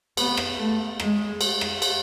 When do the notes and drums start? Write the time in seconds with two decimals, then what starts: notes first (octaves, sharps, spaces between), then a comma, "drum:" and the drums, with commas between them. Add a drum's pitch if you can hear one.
0.17 B3, drum: cymbal
0.37 drum: rim click
0.57 A3
1.00 G#3, drum: rim click
1.41 drum: cymbal
1.61 drum: rim click
1.82 drum: cymbal